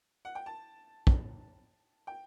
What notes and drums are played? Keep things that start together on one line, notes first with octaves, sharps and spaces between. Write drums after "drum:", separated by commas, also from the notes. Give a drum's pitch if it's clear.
F#5
G5
A5
drum: kick
G5